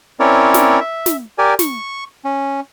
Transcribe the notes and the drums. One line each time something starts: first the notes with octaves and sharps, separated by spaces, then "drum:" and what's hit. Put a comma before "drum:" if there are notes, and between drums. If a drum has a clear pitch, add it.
C4 C#4 E4 A#4 C#5 D5
drum: snare
E5
drum: snare
G4 A#4 D5 G#5
C#6, drum: snare
C#4